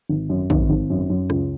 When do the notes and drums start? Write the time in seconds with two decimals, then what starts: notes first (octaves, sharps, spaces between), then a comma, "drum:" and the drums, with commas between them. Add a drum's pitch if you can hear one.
0.09 G#1
0.29 F#2
0.50 G#1, drum: kick
0.70 G#1
0.90 F#2
1.10 F#2
1.30 C#2, drum: rim click